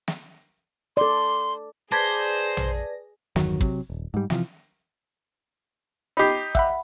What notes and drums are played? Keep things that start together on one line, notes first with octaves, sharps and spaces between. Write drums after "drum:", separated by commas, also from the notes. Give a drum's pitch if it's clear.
drum: snare
A4 D5 C6
G#4 B4 C5 D5 A5 G#6 A#6 B6
drum: tom A#1
G1 E2 D#3 F#3, drum: snare
C3 F#3, drum: kick
D#1
G#2 G3
C3 E3 F3, drum: snare
D#4 G4 B5 C7
E5 F#5 B5, drum: kick